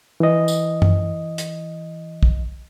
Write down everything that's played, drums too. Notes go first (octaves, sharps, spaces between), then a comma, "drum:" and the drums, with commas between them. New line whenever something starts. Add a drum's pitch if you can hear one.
E3 D#5
drum: tambourine
drum: tom F#2
drum: hi-hat
drum: kick